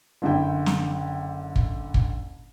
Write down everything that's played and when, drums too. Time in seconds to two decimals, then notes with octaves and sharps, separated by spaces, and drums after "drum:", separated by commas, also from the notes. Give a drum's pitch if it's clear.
0.22 F#1 D3 E4 G5
0.66 drum: snare
1.56 drum: kick
1.94 drum: kick